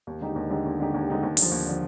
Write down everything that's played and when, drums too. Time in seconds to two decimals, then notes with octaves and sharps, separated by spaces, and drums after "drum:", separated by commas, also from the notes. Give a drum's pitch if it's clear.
0.07 D#2
0.21 D3 G#3 D#4 G4
0.36 D#2
0.50 D3 G#3 D#4 G4
0.65 D#2
0.79 D3 G#3 D#4 G4
0.94 D#2
1.08 D3 G#3 D#4 G4
1.23 D#2
1.37 D3, drum: open hi-hat
1.42 F3
1.51 D#2
1.66 D3 F3